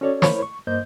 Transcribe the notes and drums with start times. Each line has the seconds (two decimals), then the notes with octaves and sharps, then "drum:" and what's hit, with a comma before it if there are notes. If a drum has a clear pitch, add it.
0.01 C#4 F#4 A4 C#5 D5
0.22 E4 A#4 C5 C#5 B5, drum: snare
0.42 C#6
0.67 G2 A#3 C5 D#5 G6